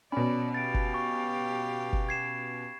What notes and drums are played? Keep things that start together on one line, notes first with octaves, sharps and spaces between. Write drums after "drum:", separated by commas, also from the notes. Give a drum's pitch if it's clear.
B2 C#4 D5 B5
G4 F5 A6 D7
drum: kick F#1
C#6
drum: kick F#1
G#6 C7 E7